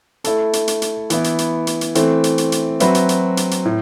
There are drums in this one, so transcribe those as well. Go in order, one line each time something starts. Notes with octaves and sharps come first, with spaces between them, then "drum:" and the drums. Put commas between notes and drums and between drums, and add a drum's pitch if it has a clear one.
A3 E4 A4, drum: hi-hat
drum: hi-hat
drum: hi-hat
drum: hi-hat
E3 B3 E4, drum: hi-hat
drum: hi-hat
drum: hi-hat
drum: hi-hat
drum: hi-hat
E3 A3 C4, drum: hi-hat
drum: hi-hat
drum: hi-hat
drum: hi-hat
F#3 C4 F#4 B4 E5, drum: hi-hat
drum: hi-hat
drum: hi-hat
drum: hi-hat
drum: hi-hat
A2